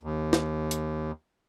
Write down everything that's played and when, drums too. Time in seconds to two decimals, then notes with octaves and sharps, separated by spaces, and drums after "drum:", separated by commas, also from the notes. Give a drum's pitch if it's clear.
0.03 D#2
0.33 drum: snare
0.71 drum: hi-hat